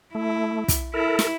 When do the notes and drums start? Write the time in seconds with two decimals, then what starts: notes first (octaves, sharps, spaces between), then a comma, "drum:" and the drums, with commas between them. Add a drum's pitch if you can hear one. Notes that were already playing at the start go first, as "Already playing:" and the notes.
0.15 A3 E4
0.68 drum: kick, hi-hat
0.94 E4 A4 A#4
1.19 drum: snare